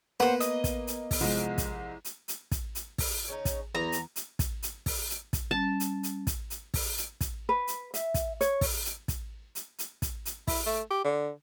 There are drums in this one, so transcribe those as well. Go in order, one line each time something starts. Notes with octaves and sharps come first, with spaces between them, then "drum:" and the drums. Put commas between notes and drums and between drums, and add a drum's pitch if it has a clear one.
A#3 B3 B4 C5 F#5
D#5, drum: hi-hat
drum: kick, hi-hat
drum: hi-hat
drum: kick, open hi-hat
C2 F3 G#3
drum: kick, hi-hat
drum: hi-hat
drum: hi-hat
drum: kick, hi-hat
drum: hi-hat
drum: kick, open hi-hat
C#3 C#4 D#4
drum: kick, hi-hat
E2 B3 A#5
drum: hi-hat
drum: hi-hat
drum: kick, hi-hat
drum: hi-hat
drum: kick, open hi-hat
drum: hi-hat
drum: kick, hi-hat
G3 C#4 A5
drum: hi-hat
drum: hi-hat
drum: kick, hi-hat
drum: hi-hat
drum: kick, open hi-hat
drum: hi-hat
drum: kick, hi-hat
B4
drum: hi-hat
E5, drum: hi-hat
drum: kick, hi-hat
C#5, drum: hi-hat
drum: kick, open hi-hat
drum: hi-hat
drum: kick, hi-hat
drum: hi-hat
drum: hi-hat
drum: kick, hi-hat
drum: hi-hat
E4, drum: kick, open hi-hat
A3
G4
D3